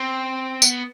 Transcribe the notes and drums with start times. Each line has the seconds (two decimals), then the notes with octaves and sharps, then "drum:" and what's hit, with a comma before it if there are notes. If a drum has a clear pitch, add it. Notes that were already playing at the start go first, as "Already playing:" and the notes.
Already playing: C4
0.62 B3, drum: tambourine